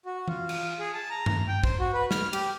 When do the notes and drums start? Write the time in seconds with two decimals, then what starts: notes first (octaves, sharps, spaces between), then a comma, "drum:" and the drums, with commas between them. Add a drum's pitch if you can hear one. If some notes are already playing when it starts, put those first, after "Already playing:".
0.06 F#4
0.28 F4, drum: tom E3
0.49 drum: cymbal
0.79 G#4
0.94 A5
1.10 A#5
1.26 drum: tom G2
1.48 G5
1.64 C5, drum: kick
1.79 F#4
1.93 B4
2.11 F6, drum: snare
2.33 G4, drum: cymbal